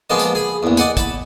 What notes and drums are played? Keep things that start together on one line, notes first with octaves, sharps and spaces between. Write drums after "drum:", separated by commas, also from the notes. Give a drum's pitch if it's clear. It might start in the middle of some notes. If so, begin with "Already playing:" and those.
F3 G#3 A#3 B3 D#5
drum: hi-hat
G#4 B5
A#1 E2
D5 D#5 F#5 G#5, drum: hi-hat
A5 B5, drum: kick, hi-hat